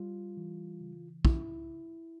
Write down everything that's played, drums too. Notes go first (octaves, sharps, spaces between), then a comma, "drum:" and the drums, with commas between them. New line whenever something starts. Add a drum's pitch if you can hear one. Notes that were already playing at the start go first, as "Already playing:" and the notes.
Already playing: G3 F4
E3
C#3
C2 E4, drum: kick